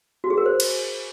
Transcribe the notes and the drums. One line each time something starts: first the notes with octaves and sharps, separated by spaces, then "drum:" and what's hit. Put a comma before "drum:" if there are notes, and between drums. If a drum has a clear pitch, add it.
F#4
G#4
A#4
C5
drum: cymbal